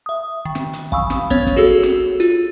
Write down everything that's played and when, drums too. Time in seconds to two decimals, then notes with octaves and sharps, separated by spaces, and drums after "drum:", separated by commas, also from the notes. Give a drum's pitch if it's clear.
0.06 E5 D#6
0.45 D#3
0.55 drum: snare
0.73 drum: hi-hat
0.92 F5 G#5 B5 C#6 D#6 E6, drum: kick
1.10 drum: snare
1.30 B3 C#4 C#5 G#6, drum: kick
1.47 drum: kick, hi-hat
1.56 F#4 G#4 A4 C#5 E6
1.83 drum: snare
2.20 F4, drum: hi-hat